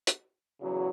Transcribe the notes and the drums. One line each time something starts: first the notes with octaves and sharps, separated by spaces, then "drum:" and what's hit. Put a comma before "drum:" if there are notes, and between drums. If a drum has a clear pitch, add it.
drum: hi-hat
E2 C#3 F#3